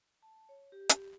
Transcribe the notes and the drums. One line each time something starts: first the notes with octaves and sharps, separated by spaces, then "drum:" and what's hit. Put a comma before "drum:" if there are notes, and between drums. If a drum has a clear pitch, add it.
A5
C#5
G4
drum: hi-hat